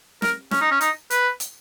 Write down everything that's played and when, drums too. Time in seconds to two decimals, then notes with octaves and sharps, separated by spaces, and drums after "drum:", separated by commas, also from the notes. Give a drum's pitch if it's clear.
0.22 A#4, drum: snare
0.51 C#4, drum: snare
0.61 D#4
0.71 C#4
0.81 D#4, drum: hi-hat
1.10 B4, drum: hi-hat
1.40 drum: hi-hat